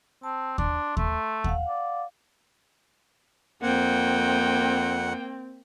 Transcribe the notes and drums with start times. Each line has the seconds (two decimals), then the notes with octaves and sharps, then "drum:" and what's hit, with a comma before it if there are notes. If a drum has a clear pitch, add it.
0.23 C4 A5
0.58 D4 C6, drum: kick D#2
0.97 A3, drum: kick D#2
1.44 F5 F#5, drum: kick D#2
1.68 D5
3.62 F2 A#3 C4 F#5 G5